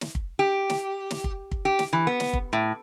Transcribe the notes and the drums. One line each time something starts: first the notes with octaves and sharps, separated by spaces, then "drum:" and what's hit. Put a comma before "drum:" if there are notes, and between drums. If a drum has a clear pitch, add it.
drum: snare
drum: kick
G4
drum: snare
drum: snare
drum: kick
drum: kick
G4
drum: snare
E3
B3
drum: snare
drum: kick
A2